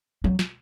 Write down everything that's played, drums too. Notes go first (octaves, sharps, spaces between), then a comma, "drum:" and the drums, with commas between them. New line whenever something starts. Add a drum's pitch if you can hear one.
F#3
drum: snare